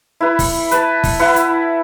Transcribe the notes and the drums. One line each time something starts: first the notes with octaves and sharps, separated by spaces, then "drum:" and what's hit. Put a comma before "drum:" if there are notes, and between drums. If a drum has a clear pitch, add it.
E4 B4
drum: kick, open hi-hat
B4 A5, drum: hi-hat
drum: kick, open hi-hat
E4 B4 F#5
drum: hi-hat